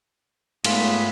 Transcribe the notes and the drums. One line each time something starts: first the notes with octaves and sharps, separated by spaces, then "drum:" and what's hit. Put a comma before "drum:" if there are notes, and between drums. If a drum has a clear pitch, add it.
G#2 A3 B3 F4 B6, drum: cymbal